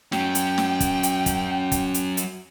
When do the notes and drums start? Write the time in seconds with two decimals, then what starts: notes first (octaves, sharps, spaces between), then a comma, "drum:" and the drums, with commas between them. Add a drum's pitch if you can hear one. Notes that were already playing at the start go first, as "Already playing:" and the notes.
0.12 F#3 C#4 G5, drum: snare
0.35 drum: hi-hat
0.58 drum: snare
0.80 drum: kick, hi-hat
1.03 drum: hi-hat
1.26 drum: kick, hi-hat
1.72 drum: kick, hi-hat
1.94 drum: hi-hat
2.17 drum: hi-hat